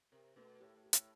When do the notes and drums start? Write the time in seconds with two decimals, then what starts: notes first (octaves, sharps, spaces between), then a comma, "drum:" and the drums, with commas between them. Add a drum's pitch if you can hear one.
0.12 C3 A#4
0.36 B2 A3
0.60 A2 G4
0.76 A2
0.85 G4
0.93 A2, drum: hi-hat